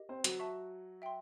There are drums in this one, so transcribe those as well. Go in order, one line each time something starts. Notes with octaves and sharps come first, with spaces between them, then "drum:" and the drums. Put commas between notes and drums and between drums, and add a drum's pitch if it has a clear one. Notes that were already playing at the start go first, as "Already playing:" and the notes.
Already playing: G4 A#4 D#5
C4 C5
F#3 F#4, drum: hi-hat
E5 A5 C#6
E5 G5 C6